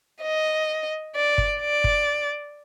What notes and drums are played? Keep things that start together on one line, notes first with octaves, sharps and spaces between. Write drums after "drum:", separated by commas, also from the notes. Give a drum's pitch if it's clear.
D#5
D5
drum: kick
D5
drum: kick